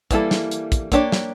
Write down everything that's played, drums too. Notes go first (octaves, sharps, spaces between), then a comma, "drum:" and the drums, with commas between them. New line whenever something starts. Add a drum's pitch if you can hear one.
E3 G3 A#3 E4 A4, drum: kick, hi-hat
drum: snare
drum: hi-hat
drum: kick, hi-hat
A#3 D4 G4 C#5, drum: kick, hi-hat
drum: snare